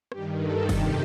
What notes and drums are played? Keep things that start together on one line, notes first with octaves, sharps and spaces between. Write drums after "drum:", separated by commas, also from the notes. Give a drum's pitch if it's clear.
G2 D#3 G4, drum: rim click
A4
F2 C3 D#3 G4, drum: kick, cymbal